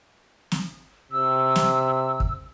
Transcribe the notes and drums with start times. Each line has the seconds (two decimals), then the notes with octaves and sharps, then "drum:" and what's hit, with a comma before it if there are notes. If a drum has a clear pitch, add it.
0.52 drum: snare
1.11 C3 E6
1.56 drum: snare
2.20 drum: kick